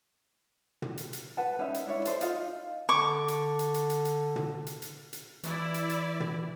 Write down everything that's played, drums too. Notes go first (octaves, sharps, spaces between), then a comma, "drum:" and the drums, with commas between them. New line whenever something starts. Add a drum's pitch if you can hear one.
drum: tom
drum: hi-hat
drum: hi-hat
B4 F#5 A5
C#4 D#4 B4 E5
drum: hi-hat
D4 E4 C#5 E5
A4 C5 D5 E5, drum: hi-hat
D#4 F4 D#5 F5, drum: hi-hat
D3 C#6 D6
drum: hi-hat
drum: hi-hat
drum: hi-hat
drum: hi-hat
drum: hi-hat
drum: tom
drum: hi-hat
drum: hi-hat
drum: hi-hat
E3 E4 D5, drum: hi-hat
drum: hi-hat
drum: hi-hat
drum: tom